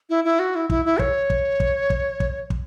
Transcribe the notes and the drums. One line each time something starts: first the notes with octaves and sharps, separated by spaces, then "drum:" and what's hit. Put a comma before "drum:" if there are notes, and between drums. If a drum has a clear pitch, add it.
E4
E4
F#4
E4
E4, drum: kick
E4
C#5, drum: kick
drum: kick
drum: kick
drum: kick
drum: kick
drum: kick